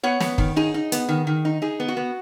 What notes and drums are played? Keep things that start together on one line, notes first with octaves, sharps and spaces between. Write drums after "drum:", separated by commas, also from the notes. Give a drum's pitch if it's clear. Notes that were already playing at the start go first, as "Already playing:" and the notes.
B3 C#5 F#5
B3, drum: snare
D#3, drum: kick
D#4 G#4
D#4
B3, drum: hi-hat
D#3
D#3
D#4
D#4 G#4
B3
F#4
B3